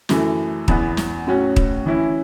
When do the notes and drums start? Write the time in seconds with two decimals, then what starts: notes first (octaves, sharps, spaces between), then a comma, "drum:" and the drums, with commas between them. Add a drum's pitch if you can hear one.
0.09 F#2 E3 A3, drum: snare
0.68 E2 E3 B3, drum: kick
0.97 drum: snare
1.27 A2 F#3 C#4 F#4
1.56 drum: kick
1.86 E3 C#4 E4